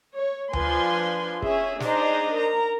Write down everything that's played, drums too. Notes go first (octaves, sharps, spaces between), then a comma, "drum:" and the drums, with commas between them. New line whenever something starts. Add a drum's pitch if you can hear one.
C#5
F3 D4 F4 B4 G#5 C6, drum: tom D2
C#4 G#4 E5, drum: kick
D4 D#4 G#4 C5 D#5 A#5, drum: snare
A#4 A#5